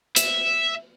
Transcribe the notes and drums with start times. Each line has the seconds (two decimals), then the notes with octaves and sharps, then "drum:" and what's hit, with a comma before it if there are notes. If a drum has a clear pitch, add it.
0.16 E5, drum: hi-hat